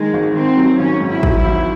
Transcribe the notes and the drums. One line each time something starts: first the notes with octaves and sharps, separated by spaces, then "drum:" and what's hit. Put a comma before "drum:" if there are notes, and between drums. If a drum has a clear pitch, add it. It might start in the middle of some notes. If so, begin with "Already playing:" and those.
Already playing: D#3 G#3
G#1
D#3 C4
F#3
G#1 C#4
G#2
E4
F#3, drum: kick
E4
G#1